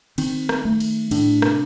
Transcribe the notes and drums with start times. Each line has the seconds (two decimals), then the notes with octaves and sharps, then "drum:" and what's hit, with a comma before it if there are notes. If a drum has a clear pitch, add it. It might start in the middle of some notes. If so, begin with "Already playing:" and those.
0.18 D#3 C4, drum: cymbal
0.49 drum: rim click
0.65 A3
0.80 drum: cymbal
1.11 A2 D4, drum: cymbal
1.42 C3, drum: rim click